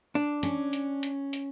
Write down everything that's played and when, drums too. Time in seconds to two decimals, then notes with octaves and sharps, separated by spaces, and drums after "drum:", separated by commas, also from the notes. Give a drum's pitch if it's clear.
0.15 D4
0.43 C#4, drum: hi-hat
0.73 drum: hi-hat
1.03 drum: hi-hat
1.33 drum: hi-hat